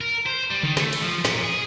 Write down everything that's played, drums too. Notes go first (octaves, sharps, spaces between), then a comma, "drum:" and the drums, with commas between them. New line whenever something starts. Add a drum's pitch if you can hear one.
A#4
C5
G3
D#3, drum: tom C#3
A3, drum: snare
drum: cymbal
F3
A#2, drum: snare
G#4